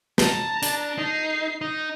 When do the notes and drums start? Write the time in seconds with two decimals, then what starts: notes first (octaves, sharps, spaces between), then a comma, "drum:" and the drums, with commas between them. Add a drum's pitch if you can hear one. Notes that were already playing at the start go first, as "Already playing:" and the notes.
0.18 A5 A#5, drum: snare
0.63 D4, drum: hi-hat
0.98 D#4 C7
1.61 D#4 D#5